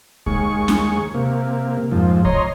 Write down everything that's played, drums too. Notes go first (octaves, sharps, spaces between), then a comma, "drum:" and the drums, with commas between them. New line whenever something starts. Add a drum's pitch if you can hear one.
D#2 G#3 G#4 C#6, drum: kick
drum: snare
C3 A#3
F2 G#2 F3
C#5 D#5 A#5 C6, drum: kick